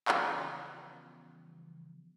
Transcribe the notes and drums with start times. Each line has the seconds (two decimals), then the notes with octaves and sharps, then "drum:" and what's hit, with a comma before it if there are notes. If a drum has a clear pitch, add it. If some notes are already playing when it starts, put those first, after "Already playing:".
0.08 C#3 E3 F3 G3 B3, drum: clap